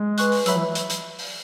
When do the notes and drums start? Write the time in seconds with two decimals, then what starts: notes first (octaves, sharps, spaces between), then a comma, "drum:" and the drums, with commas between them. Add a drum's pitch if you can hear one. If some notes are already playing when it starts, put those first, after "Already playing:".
Already playing: G#3
0.18 B4 G#5 C#6 F#6, drum: hi-hat
0.32 drum: open hi-hat
0.46 F#3 E5 B5 E6, drum: hi-hat
0.55 E3
0.75 drum: hi-hat
0.90 drum: hi-hat
1.19 drum: open hi-hat